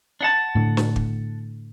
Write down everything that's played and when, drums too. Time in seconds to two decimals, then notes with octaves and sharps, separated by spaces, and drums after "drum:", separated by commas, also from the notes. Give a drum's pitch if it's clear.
0.21 D4 F#5 A5
0.55 A2 D3
0.77 drum: snare
0.96 drum: kick